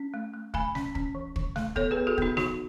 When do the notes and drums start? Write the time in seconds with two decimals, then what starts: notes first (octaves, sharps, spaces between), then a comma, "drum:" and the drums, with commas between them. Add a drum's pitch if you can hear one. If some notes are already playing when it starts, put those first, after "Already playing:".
Already playing: C#4
0.14 A3
0.33 A3
0.54 A3 G#5 B5, drum: kick
0.75 C#4, drum: snare
0.95 C#4, drum: kick
1.15 E3
1.36 E3, drum: kick
1.56 A3, drum: snare
1.76 B3 A4 C#5, drum: kick
1.91 G#4 B4
1.97 B3
2.07 F#4 A4
2.18 B3 D#4 F#4, drum: kick
2.37 E3 D#4 F#4, drum: snare